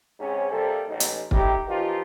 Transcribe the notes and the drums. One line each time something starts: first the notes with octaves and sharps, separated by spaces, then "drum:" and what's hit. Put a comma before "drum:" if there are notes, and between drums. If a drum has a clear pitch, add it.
G#2 C3 G#3 C#4
C3 G3 A#3 A4
A1 D#4
drum: hi-hat
A2 D#4 E4 G4, drum: kick
E3 F3 D#4 F4 G4 A#4